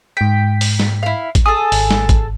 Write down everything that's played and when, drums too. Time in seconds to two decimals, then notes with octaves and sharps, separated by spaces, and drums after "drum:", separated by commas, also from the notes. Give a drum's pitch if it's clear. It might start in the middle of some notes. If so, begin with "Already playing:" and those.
0.17 G#2 G5 B6
0.61 drum: open hi-hat
0.80 drum: snare
1.03 E4 F5
1.35 drum: kick, hi-hat
1.46 G#4 A4 D#6
1.72 G#1, drum: open hi-hat
1.91 drum: snare
2.09 drum: kick, hi-hat